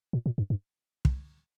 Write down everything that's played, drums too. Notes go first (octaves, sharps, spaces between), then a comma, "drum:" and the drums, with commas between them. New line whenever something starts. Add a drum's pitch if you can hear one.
A#2
A#2
G2
G2
drum: kick